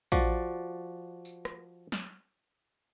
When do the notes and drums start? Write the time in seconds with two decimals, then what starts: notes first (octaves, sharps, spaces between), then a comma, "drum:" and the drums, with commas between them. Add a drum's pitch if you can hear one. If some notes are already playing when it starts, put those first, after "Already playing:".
0.12 F3 F#4 D5, drum: kick
1.25 drum: tambourine
1.45 drum: rim click
1.92 drum: snare